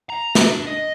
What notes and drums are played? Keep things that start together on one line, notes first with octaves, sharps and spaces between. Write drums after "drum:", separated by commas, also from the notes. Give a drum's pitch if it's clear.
A#5
F#4, drum: snare
D4
D#5